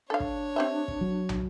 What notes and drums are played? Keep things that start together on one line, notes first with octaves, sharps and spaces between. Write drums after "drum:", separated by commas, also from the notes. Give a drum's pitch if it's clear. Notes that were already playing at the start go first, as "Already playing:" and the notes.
D4 A4 C#5 F5
drum: kick
C4 G4 E5
drum: kick
F#3
drum: tom